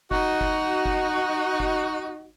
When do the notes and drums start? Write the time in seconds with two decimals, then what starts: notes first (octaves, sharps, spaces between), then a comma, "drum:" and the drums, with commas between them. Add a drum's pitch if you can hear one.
0.11 D#4 F#4, drum: kick F#1
0.41 drum: kick F#1
0.86 drum: kick F#1
1.60 drum: kick F#1